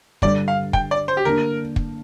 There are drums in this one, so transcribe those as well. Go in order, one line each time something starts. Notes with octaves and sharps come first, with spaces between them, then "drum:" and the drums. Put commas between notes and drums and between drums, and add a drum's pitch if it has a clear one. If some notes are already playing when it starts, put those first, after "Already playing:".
G2 D3 G3 D5, drum: kick
F5
G5, drum: kick
D5
C5
G4
D3 A#3 D4 A#4
drum: kick